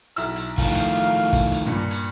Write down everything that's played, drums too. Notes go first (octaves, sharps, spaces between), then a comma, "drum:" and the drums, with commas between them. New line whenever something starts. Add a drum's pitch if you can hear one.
B1 E4 E6, drum: hi-hat
drum: hi-hat
A2 D#3 F3 F5, drum: kick, hi-hat
drum: hi-hat
drum: kick, hi-hat
drum: hi-hat
G2 A#2
drum: hi-hat